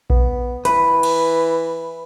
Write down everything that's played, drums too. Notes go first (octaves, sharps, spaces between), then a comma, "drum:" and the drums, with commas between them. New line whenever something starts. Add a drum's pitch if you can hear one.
B3, drum: kick A#1
E3 B4, drum: hi-hat
drum: cymbal